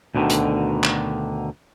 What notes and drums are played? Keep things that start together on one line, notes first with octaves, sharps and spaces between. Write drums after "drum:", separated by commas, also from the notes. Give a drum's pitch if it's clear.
D2 B2 D3 D#3
drum: hi-hat
drum: clap